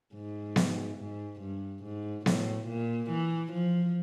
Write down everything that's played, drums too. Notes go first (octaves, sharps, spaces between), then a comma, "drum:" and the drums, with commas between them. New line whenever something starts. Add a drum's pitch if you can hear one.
G#2
drum: snare B3
G#2
G2
G#2
A2, drum: snare B3
A#2
E3
F3